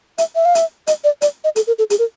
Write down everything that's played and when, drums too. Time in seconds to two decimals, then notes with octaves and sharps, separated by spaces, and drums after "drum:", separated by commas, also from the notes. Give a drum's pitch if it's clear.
0.18 E5, drum: hi-hat
0.35 E5
0.45 F5
0.55 E5, drum: hi-hat
0.87 D#5, drum: hi-hat
1.04 D5
1.22 D5, drum: hi-hat
1.44 D#5
1.56 A4, drum: hi-hat
1.67 A#4
1.79 A4
1.90 G#4, drum: hi-hat
1.99 A#4